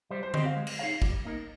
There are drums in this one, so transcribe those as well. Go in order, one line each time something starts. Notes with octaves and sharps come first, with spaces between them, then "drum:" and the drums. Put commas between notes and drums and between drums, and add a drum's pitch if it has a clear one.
G3 C5
C5
C4 G4 C5 D#5, drum: tom D3
F5
G#3
drum: cymbal
D#4 G#4 C#5 F5
G3, drum: kick
A#3 D#4 A#4